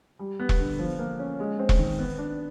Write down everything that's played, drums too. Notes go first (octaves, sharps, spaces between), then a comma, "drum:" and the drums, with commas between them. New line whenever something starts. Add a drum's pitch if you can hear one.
G3
B3
drum: kick E1
D3
F3
A#3
C#4
G#3
C4
drum: kick E1
D#3
B3
D4